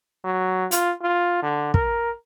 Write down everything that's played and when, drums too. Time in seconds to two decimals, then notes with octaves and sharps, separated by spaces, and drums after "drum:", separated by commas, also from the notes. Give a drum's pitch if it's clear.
0.24 F#3
0.71 F4, drum: hi-hat
1.02 F4
1.43 D3
1.74 A#4, drum: kick